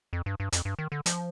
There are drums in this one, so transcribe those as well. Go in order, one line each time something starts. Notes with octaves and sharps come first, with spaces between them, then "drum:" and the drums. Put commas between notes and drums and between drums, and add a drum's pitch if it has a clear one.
F2
G2
G2
F2, drum: hi-hat
G2
D#3
D3
F3, drum: hi-hat